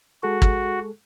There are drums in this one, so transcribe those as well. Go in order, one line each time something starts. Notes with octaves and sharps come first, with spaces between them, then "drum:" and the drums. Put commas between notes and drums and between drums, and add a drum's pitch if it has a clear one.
G#3 F#4 G#4 A4
drum: kick